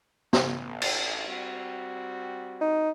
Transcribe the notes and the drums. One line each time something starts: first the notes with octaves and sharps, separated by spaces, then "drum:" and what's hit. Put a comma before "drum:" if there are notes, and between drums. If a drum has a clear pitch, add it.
A1, drum: snare
drum: cymbal
G3 C4 F#4
D#4